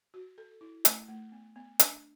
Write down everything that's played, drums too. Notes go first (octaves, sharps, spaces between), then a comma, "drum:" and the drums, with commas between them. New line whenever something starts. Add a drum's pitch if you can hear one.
F#4
A4
E4
A3, drum: hi-hat
A3
B3
B3
D4, drum: hi-hat